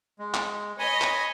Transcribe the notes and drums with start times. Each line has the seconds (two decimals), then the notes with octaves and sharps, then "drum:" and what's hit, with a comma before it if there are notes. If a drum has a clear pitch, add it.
0.19 G#3
0.34 drum: clap
0.79 C#5 D#5 G#5 B5
1.01 drum: clap